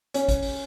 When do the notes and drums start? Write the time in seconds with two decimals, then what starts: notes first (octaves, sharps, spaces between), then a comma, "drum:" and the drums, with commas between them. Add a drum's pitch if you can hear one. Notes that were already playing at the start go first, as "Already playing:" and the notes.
0.14 C#4, drum: hi-hat
0.28 drum: kick, hi-hat
0.42 drum: open hi-hat